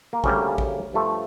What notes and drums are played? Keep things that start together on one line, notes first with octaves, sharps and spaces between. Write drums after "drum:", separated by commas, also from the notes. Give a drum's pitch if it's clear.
A#3
D2 C#3 G3 A#3 C#4, drum: kick
drum: kick
G2 F3 A3